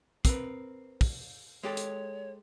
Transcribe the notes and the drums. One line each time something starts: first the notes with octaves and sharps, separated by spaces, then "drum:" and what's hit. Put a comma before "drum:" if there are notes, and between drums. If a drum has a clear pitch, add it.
C4 A#4 B4, drum: kick, hi-hat
drum: kick, open hi-hat
G#3 G4 A4 C#5
drum: hi-hat